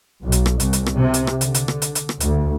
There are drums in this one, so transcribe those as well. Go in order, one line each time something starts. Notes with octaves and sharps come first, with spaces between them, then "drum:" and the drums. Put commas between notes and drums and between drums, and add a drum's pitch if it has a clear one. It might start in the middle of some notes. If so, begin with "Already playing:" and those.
B1
drum: hi-hat
drum: rim click
C2, drum: hi-hat
drum: hi-hat
drum: rim click
C3
drum: hi-hat
drum: rim click
D3, drum: hi-hat
drum: hi-hat
drum: rim click
drum: hi-hat
drum: hi-hat
drum: rim click
D2, drum: hi-hat